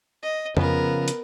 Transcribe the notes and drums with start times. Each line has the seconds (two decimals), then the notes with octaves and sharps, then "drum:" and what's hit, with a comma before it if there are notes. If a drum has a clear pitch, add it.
0.23 D#5
0.57 C#3 F3 B3 A#4, drum: tom F2
1.08 drum: hi-hat